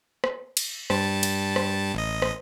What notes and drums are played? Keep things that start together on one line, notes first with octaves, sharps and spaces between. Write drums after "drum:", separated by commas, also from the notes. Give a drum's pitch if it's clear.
drum: rim click
drum: cymbal
G2 G3 A5, drum: rim click
drum: cymbal
drum: rim click
A1 D#5
drum: rim click